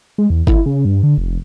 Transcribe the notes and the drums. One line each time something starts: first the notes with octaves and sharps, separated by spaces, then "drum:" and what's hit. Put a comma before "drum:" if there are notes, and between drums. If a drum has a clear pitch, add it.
G#3
E2
E4, drum: kick G1
C#3
G2
D3
F1